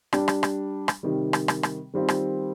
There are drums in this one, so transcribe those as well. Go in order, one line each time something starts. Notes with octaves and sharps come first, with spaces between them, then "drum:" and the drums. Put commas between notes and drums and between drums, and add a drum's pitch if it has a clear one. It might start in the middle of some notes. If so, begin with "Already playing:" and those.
G3 D4 G4, drum: rim click
drum: rim click
drum: rim click
drum: rim click
C3 D#3 G3
drum: rim click
drum: rim click
drum: rim click
D#3 G3 C4 F4
drum: rim click